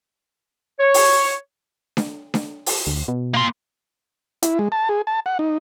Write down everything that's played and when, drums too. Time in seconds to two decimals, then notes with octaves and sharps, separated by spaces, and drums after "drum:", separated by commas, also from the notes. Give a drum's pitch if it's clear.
0.79 C#5
0.94 drum: open hi-hat
1.97 drum: snare D4
2.34 drum: snare D4
2.66 drum: open hi-hat
2.87 D2
3.08 B2
3.34 A#3 C6
4.43 E4, drum: hi-hat
4.59 G#3
4.72 A5
4.89 G#4
5.07 A5
5.26 F#5
5.39 D#4